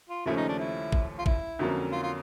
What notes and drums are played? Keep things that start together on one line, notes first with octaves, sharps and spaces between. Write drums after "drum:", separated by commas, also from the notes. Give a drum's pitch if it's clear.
F4
D#2 C#3 F3 A3 C#4 E4
D#4
D4
E4
drum: kick G#1
F4
E4, drum: kick G#1
F2 D3 F#3 A#3 C#4
F4
F4